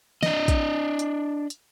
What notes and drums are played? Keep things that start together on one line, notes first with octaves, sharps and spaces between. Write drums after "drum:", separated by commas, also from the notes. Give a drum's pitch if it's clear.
D4 D#5, drum: snare
drum: kick, hi-hat
drum: hi-hat
drum: hi-hat